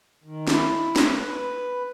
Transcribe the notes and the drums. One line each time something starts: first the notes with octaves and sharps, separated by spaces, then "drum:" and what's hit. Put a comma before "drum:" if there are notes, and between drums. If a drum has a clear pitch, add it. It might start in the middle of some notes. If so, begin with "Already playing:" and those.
D#3
E4, drum: snare
drum: snare
B4
B4